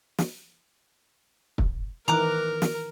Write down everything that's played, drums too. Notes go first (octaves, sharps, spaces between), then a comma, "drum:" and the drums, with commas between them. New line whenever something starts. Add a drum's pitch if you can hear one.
drum: snare
drum: kick
D#3 E3 A#4 A#5 D6 F#6
drum: snare